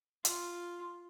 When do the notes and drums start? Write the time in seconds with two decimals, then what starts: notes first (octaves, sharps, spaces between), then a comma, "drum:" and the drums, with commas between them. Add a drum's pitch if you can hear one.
0.25 F4, drum: hi-hat